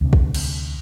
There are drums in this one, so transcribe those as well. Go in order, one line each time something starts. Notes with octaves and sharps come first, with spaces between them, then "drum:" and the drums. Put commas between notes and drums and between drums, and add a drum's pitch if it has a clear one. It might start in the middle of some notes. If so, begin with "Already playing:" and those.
D2 C3
drum: kick A#1
drum: cymbal